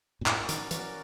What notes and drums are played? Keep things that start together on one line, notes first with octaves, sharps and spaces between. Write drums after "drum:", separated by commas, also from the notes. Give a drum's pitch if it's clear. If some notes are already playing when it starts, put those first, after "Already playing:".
A#2
A2 C#4 F#4 A#4 D5, drum: clap
D#3, drum: hi-hat
E3 C#4 F#4 A#4 D5, drum: hi-hat